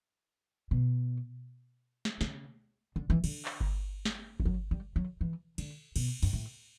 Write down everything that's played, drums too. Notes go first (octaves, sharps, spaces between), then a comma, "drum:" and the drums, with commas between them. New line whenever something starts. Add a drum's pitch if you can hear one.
B2
drum: snare
C#3, drum: snare
D3
E3
D3, drum: cymbal
drum: clap
drum: kick G1
drum: snare
E3, drum: kick G1
F#3
G3
F#3
E3
D3, drum: cymbal
B2, drum: cymbal
G2, drum: open hi-hat
A2